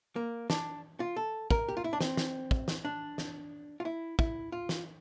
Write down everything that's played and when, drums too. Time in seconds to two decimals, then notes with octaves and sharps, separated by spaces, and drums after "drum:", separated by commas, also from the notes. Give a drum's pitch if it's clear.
0.16 A#3
0.50 D4, drum: snare
1.00 F4
1.16 A4
1.50 A#4, drum: kick
1.68 G4
1.77 F4
1.84 E4
1.93 D4
2.01 C4, drum: snare
2.17 drum: snare
2.51 drum: kick
2.68 drum: snare
2.85 D4
3.18 drum: snare
3.80 F4
3.85 E4
4.19 E4, drum: kick
4.52 F4
4.69 drum: snare